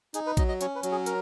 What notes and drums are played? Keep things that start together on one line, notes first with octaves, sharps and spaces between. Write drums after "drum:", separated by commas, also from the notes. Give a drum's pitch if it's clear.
D#4 G#4, drum: hi-hat
B4
F#3 D#5, drum: kick A#1, hi-hat
D#5
C#4 C#5, drum: hi-hat
B4
F#3, drum: hi-hat
G#4
A#4, drum: hi-hat